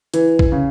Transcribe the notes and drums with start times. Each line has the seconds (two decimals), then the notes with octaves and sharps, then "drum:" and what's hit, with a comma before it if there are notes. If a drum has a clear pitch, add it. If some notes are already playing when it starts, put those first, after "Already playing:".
0.14 E3, drum: hi-hat
0.39 drum: kick A1
0.52 C#3